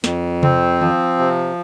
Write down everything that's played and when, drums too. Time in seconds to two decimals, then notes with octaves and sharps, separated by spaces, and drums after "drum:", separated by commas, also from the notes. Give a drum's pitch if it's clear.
0.04 F2, drum: snare
0.43 C4, drum: tom C3
0.81 F3, drum: tom D#3
1.19 C3